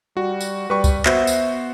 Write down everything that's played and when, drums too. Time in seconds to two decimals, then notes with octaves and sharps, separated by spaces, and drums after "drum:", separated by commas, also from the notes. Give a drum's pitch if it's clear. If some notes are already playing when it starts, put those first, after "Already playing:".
0.17 G3 F#4
0.41 drum: tambourine
0.70 G3 B4 C#6
0.84 drum: kick C#2, tambourine
1.06 B3 F#4 C5 E5, drum: clap
1.27 drum: tambourine